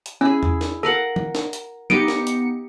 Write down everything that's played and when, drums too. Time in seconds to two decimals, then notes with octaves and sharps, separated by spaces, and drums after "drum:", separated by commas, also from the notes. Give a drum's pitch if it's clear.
0.06 drum: hi-hat
0.21 C#4 E4 G#4
0.43 drum: tom E2
0.61 drum: snare
0.83 A4 A#4 F5 F#5
1.16 drum: tom
1.35 drum: snare
1.53 drum: hi-hat
1.90 B3 D#4 G4 D#5 F5 C#7 D7, drum: tom
2.08 drum: snare
2.27 drum: hi-hat